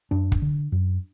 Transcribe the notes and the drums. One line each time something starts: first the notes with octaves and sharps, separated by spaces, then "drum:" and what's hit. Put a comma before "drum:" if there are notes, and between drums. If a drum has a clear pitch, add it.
F#2 D4
drum: kick
D3
F#2